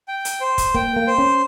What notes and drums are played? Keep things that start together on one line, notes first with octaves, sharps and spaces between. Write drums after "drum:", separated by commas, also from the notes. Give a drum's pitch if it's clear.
G5
drum: hi-hat
C5
drum: kick, hi-hat
A#3 G5, drum: kick
A#3
C5
C#4